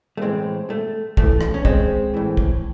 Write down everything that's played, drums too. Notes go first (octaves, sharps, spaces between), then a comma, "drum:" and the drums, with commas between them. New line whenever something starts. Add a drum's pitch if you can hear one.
A3
A2 E3 G#3 C4
A3
F#2 E3 A3, drum: kick
drum: rim click
C#4
G#3 C4, drum: kick
A2 E3
drum: kick